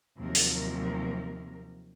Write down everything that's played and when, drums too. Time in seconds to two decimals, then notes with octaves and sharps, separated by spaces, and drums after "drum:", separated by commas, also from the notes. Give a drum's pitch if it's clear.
0.18 D#2 C3 F3 F#3 A#4
0.35 drum: open hi-hat